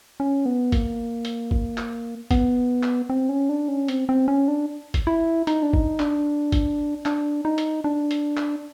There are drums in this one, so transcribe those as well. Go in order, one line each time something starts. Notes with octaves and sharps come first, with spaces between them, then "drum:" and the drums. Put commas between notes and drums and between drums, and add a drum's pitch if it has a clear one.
C#4
B3
A#3, drum: kick G1, hi-hat
drum: hi-hat
drum: kick G1
drum: clap
B3, drum: kick G1, hi-hat
drum: clap
C4
C#4
D4
C#4
C4, drum: hi-hat
C4
C#4
D4
drum: kick G1, hi-hat
E4
D#4, drum: hi-hat
D4
D#4, drum: kick G1
D4, drum: clap
drum: kick G1, hi-hat
D4, drum: clap
D#4
drum: hi-hat
D4
drum: hi-hat
drum: clap